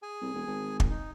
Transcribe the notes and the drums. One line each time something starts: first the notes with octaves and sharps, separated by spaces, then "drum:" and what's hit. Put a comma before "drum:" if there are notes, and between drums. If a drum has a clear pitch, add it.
G#4 G#5
C2
E1
G#1
drum: kick
D#4